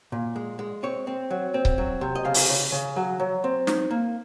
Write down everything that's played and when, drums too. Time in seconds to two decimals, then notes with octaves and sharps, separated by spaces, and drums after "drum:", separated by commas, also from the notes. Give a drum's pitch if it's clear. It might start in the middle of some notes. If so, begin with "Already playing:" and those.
0.12 A#2
0.36 G#3
0.59 G#3
0.83 C4 C#5
1.07 C4
1.30 F#3
1.54 C4
1.65 drum: kick C#1
1.78 F#3
2.01 C3
2.15 D#5
2.25 C#3 F5
2.34 drum: open hi-hat
2.49 C#3
2.72 C#3
2.96 F#3
3.20 F#3
3.44 C4
3.67 D#4, drum: snare
3.91 A#3